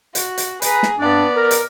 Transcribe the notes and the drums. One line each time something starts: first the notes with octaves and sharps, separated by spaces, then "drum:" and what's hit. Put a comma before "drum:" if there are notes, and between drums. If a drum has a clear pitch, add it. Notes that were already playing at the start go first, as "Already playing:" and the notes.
F#4, drum: hi-hat
drum: hi-hat
G#4 B4 A#5, drum: hi-hat
drum: snare
G2 B3 C4 D4 D5
A#4
drum: hi-hat